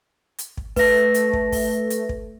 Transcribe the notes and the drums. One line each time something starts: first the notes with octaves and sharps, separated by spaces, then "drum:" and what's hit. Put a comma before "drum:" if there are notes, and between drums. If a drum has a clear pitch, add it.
drum: hi-hat
drum: kick
A3 B4 A#6, drum: kick, open hi-hat
drum: hi-hat
drum: kick
drum: kick, open hi-hat
drum: hi-hat
drum: kick